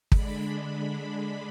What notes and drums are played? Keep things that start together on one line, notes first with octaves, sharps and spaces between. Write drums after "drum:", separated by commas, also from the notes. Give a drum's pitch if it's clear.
D3 G#3 D4 B5, drum: kick